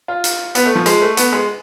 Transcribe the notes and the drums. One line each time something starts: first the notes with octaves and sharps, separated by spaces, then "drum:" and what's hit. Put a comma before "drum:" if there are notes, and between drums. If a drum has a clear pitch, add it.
F4
drum: hi-hat
B3, drum: hi-hat
A3
F3
G#3, drum: hi-hat
A3
B3, drum: hi-hat
G#3